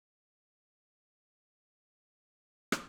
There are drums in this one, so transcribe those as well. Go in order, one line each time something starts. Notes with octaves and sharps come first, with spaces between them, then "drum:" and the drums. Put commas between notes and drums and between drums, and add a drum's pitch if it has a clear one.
A#1 F#3 G#3 G#4
G4
drum: rim click